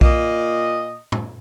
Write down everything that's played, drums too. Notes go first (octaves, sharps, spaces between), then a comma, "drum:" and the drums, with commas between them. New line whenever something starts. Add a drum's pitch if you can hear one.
A#2 D#5, drum: kick B1
drum: tom A2